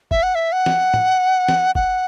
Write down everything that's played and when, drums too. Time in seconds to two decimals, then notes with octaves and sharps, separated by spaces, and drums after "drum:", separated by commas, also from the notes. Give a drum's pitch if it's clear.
0.11 E5, drum: kick
0.23 F#5
0.35 E5
0.52 F#5
0.66 drum: snare
0.94 drum: tom
1.48 drum: snare
1.75 F#5, drum: kick